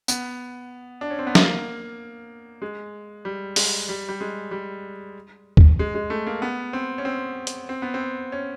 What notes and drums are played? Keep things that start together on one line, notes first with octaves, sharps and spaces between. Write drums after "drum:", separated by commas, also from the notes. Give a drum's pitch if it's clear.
B3, drum: tambourine
D4
C#4
C4
B3
A#3, drum: snare
G#3
G3
G#3, drum: open hi-hat
G3
G3
G#3
G3
drum: kick
G#3
G#3
A3
A#3
B3
C4
C#4
C4
drum: hi-hat
C4
B3
C4
C#4